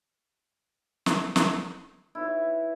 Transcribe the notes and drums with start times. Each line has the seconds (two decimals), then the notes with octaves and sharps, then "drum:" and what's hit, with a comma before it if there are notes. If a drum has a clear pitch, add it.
1.06 drum: snare
1.36 drum: snare
2.15 E4 B4 C#5